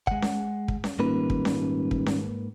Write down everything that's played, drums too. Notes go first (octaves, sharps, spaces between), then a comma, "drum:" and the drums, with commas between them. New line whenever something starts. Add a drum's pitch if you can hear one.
G#3 F#5, drum: kick
drum: snare C#4
drum: kick
drum: snare C#4
D#1 G#2 A#3 B4
drum: kick
drum: snare C#4
drum: kick
drum: snare C#4